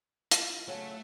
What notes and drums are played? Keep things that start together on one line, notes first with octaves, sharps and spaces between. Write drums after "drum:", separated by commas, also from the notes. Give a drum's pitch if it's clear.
E4 F4, drum: hi-hat
C#3 F#3 A3 A4